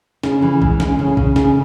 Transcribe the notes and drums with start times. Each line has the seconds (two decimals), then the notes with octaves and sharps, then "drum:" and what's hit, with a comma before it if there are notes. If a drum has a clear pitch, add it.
0.23 C#3, drum: snare
0.42 E3
0.62 G#3, drum: kick B1
0.80 C#3, drum: snare
0.99 C#3
1.17 C#3, drum: kick B1
1.36 C#3, drum: snare